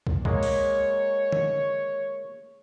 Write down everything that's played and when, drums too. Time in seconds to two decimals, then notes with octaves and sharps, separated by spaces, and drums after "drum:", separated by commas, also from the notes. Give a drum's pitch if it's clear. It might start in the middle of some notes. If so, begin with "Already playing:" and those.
0.07 drum: kick
0.25 G#3 A#3 C#5, drum: kick
0.43 drum: open hi-hat
1.32 drum: tom D3